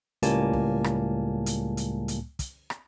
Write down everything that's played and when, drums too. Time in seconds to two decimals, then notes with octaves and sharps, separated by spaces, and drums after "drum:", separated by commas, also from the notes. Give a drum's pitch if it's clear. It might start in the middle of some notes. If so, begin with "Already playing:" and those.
0.23 C#2 A2 G3 A#3 G#5 A5, drum: hi-hat
0.53 drum: kick
0.84 drum: rim click
1.46 drum: hi-hat
1.77 drum: hi-hat
2.08 drum: hi-hat
2.39 drum: kick, hi-hat
2.70 drum: rim click